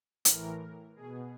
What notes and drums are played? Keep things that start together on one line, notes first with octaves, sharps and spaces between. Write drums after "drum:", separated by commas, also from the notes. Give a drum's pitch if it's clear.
A2 E3 A#4, drum: hi-hat
B2 G#4